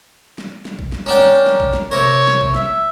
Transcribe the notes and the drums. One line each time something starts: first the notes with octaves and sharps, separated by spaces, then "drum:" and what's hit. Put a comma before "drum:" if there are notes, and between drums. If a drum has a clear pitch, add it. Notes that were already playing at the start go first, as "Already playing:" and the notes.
drum: snare
drum: snare
drum: kick A#1
drum: snare
C#4 D4 A#4 G5
drum: snare
drum: snare
drum: kick A#1
drum: snare
C3 A#4 C#5
drum: snare
drum: kick A#1
E5, drum: snare